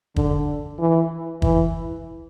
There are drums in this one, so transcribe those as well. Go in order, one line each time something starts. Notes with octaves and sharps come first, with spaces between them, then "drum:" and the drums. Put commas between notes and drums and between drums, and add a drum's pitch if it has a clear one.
D3, drum: kick
E3
E3, drum: kick